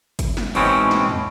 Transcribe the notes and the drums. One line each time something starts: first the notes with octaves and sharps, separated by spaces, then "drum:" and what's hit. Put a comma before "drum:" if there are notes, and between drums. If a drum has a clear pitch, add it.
drum: kick, hi-hat
drum: snare
G#2 B2 E3 G#3 C4 C#4, drum: open hi-hat
drum: snare
drum: tom